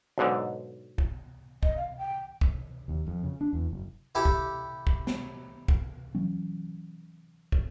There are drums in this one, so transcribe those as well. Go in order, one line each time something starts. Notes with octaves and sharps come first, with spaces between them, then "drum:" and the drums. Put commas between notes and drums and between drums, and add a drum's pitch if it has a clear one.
B1 G#2 D3
drum: kick
D#5, drum: kick
F5
G5
drum: kick
D#2
F2
C#3
D4
E2
F#1
E4 G4 A4
drum: kick
drum: kick
drum: snare
drum: kick
E3 F#3 C#4
drum: kick